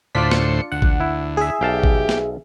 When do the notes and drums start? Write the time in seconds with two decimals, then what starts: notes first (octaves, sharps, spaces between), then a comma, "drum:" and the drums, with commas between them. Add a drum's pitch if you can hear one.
0.15 D2 A2 D4 F4 C5 D5 B6
0.31 C#7, drum: snare
0.72 D2 F#5
0.82 drum: kick
1.00 E4
1.37 G#4 E5
1.61 B1 G4 F5 A5
1.84 drum: kick
2.09 drum: snare